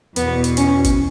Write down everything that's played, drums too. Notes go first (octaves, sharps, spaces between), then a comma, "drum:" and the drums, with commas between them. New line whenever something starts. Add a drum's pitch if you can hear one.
E2 B2 B3, drum: hi-hat
drum: hi-hat
C#4, drum: hi-hat
drum: kick, hi-hat